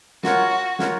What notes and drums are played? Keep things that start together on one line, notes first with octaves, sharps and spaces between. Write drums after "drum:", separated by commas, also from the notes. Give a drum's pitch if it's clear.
F4 F#4 A#4 C#5 F#5, drum: snare
F4 A#4 C#5 F#5, drum: snare